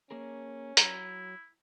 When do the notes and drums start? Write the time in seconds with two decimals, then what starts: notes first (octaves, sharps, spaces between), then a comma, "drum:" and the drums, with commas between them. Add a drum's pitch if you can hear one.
0.11 A#3 C#4 G#4 A#4
0.77 F#3 E4 A#5, drum: hi-hat